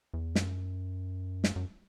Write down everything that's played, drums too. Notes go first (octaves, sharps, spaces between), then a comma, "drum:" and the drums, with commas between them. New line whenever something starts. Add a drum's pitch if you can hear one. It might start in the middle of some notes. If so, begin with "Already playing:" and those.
E2
F#2, drum: snare
drum: snare
F#2